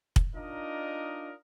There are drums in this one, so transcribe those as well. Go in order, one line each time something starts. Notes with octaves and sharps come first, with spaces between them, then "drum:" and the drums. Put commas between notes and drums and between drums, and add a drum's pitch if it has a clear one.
drum: kick
D4 D#4 F4 A#4 D#5